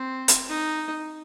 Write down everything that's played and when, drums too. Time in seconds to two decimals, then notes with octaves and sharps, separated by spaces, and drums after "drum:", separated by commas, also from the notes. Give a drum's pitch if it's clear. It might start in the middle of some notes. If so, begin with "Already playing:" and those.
Already playing: C4
0.28 drum: hi-hat
0.49 D#4